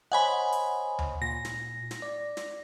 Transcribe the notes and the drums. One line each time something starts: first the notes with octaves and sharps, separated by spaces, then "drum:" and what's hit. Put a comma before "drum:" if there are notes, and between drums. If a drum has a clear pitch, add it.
C5 C#5 D#5 F#5 G#5 B5
drum: hi-hat
drum: tom D2
A#2 A#6
drum: snare
drum: snare
D5
drum: snare